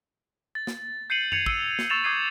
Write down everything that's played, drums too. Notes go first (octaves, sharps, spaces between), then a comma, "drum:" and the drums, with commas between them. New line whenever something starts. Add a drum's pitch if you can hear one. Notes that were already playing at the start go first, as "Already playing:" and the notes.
A6
drum: snare
G6 C7 C#7 D#7 F#7
G#6 C#7 F7, drum: tom F#2
E6 C#7 D#7, drum: kick
drum: snare
C#6 E6 A6 E7 F7
D6 D#6 G6 G#6 C7 D#7